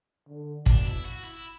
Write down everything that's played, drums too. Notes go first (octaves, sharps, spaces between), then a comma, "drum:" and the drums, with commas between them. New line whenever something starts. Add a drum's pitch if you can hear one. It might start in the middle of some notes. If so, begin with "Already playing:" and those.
D3
B2 D4, drum: kick
E4
F#4
E4